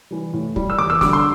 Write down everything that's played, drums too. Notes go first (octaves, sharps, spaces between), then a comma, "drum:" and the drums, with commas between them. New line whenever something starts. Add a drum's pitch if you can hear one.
E3 G3
A2
G3, drum: kick
E6
E2 D6
E6
D3 G3 D6, drum: snare
C6